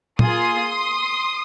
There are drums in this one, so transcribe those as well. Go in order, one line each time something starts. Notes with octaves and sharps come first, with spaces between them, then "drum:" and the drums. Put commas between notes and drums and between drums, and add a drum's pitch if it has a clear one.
A#3 F4 G#4 C6 D#6, drum: tom